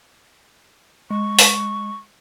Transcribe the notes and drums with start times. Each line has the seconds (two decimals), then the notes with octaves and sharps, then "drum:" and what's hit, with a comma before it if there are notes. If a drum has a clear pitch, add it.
1.10 G#3 C#6
1.39 drum: open hi-hat